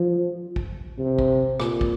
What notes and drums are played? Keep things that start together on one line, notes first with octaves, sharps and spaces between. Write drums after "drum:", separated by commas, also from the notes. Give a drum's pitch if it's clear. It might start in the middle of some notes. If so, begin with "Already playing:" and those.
Already playing: F3
drum: kick
C3
drum: kick
A#2, drum: rim click
drum: kick